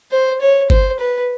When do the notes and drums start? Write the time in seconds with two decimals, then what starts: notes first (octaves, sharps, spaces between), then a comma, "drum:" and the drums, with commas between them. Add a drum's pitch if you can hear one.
0.12 C5
0.41 C#5
0.70 C5, drum: kick G1
0.99 B4